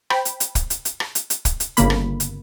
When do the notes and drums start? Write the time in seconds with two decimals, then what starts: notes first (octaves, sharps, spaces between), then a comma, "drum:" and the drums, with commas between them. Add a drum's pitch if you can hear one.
0.10 C5 G5 B5, drum: rim click
0.25 drum: hi-hat
0.40 drum: hi-hat
0.55 drum: kick, hi-hat
0.70 drum: hi-hat
0.85 drum: hi-hat
1.00 drum: rim click
1.15 drum: hi-hat
1.30 drum: hi-hat
1.45 drum: kick, hi-hat
1.60 drum: hi-hat
1.77 G1 C#3 A#3 B5, drum: hi-hat
1.90 drum: rim click
2.20 drum: hi-hat